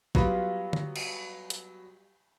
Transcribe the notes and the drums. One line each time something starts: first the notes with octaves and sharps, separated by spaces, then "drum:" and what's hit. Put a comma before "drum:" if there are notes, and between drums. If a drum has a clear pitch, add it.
F#3 G3 B3 F4 B4, drum: kick A#1
drum: tom D3
drum: cymbal
drum: hi-hat